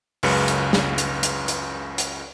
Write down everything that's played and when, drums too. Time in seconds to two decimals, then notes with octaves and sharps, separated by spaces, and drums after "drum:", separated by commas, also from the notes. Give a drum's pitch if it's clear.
0.23 C#2 F#2 C#3 B4 C#7, drum: open hi-hat
0.48 drum: hi-hat
0.73 drum: snare
0.98 drum: hi-hat
1.23 drum: hi-hat
1.48 drum: hi-hat
1.98 drum: hi-hat